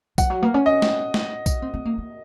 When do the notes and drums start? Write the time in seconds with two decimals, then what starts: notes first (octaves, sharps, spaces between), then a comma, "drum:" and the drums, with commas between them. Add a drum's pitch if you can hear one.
0.18 F3 F#5, drum: kick B1, tambourine
0.30 F#3
0.42 A#3
0.54 C#4
0.66 D#5
0.82 drum: snare A3
1.14 drum: snare A3
1.46 drum: kick B1, tambourine
1.62 C4
1.74 C4
1.85 A#3
1.98 A#3